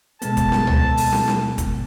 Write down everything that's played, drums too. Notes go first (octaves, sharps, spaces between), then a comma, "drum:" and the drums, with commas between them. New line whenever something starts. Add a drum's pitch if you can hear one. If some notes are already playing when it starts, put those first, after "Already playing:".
B2 G#3 B3 A4 A5, drum: hi-hat
drum: kick, hi-hat
drum: snare
drum: tom
drum: open hi-hat
drum: snare
drum: snare
drum: kick, hi-hat